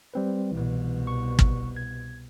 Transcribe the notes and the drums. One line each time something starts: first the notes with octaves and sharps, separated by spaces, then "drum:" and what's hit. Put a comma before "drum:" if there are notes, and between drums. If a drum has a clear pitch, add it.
G3 C4 B4
C2 B2 E3
C#6
drum: kick
G#6